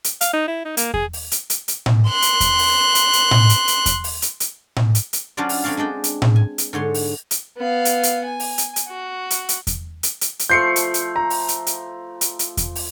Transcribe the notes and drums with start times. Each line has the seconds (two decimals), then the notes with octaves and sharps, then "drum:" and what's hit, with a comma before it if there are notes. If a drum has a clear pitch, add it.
0.04 drum: hi-hat
0.21 F5, drum: hi-hat
0.33 D#4
0.48 E4
0.65 D#4
0.77 A#3, drum: hi-hat
0.94 G#4, drum: kick E2
1.13 drum: open hi-hat
1.32 drum: hi-hat
1.50 drum: hi-hat
1.68 drum: hi-hat
1.86 drum: tom A2
2.08 C6 F#6
2.22 drum: hi-hat
2.40 drum: kick E2, hi-hat
2.59 drum: open hi-hat
2.95 drum: hi-hat
3.13 drum: hi-hat
3.31 drum: tom A2
3.49 drum: hi-hat
3.68 drum: hi-hat
3.86 drum: kick E2, hi-hat
4.04 drum: open hi-hat
4.22 drum: hi-hat
4.40 drum: hi-hat
4.77 drum: tom A2
4.95 drum: hi-hat
5.13 drum: hi-hat
5.37 F#3 C#4 D4 F4 C5 D5
5.49 drum: open hi-hat
5.64 F#3 C4 F#4 D5 F5
5.77 G#3 D4 D5 G5
6.04 drum: hi-hat
6.22 drum: tom A2
6.36 G#5
6.58 drum: hi-hat
6.73 G#2 D3 C#5 C6
6.94 drum: open hi-hat
7.31 drum: hi-hat
7.57 B3 F5
7.85 drum: hi-hat
8.03 drum: hi-hat
8.25 G#5
8.40 drum: open hi-hat
8.58 drum: hi-hat
8.76 drum: hi-hat
8.88 F#4
9.30 drum: hi-hat
9.49 drum: hi-hat
9.67 drum: kick E2, hi-hat
10.03 drum: hi-hat
10.21 drum: hi-hat
10.39 drum: hi-hat
10.50 F3 A3 G6 C7 C#7
10.76 drum: hi-hat
10.94 drum: hi-hat
11.16 A#5
11.30 drum: open hi-hat
11.48 drum: hi-hat
11.67 drum: hi-hat
12.21 drum: hi-hat
12.39 drum: hi-hat
12.57 drum: kick E2, hi-hat
12.75 drum: open hi-hat